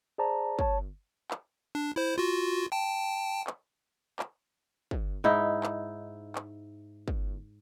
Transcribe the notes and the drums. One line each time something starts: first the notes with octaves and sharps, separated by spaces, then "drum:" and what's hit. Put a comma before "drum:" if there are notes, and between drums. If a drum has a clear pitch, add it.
G#4 C5 D5 A5 A#5
C#5 A5, drum: kick
drum: clap
D4
E4 C5
F4 F#4
G5 A5
drum: clap
drum: clap
drum: kick
G#2 D#4 E4
drum: clap
drum: clap
drum: kick